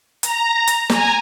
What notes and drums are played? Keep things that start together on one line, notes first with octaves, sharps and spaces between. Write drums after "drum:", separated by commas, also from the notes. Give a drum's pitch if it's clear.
A#5, drum: hi-hat
drum: hi-hat
G#5 A#5, drum: snare